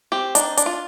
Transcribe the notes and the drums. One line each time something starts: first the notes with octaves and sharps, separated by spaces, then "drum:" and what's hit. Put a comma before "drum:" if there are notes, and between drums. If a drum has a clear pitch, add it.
C4 G4
D4 D#4, drum: hi-hat
D4, drum: hi-hat
F4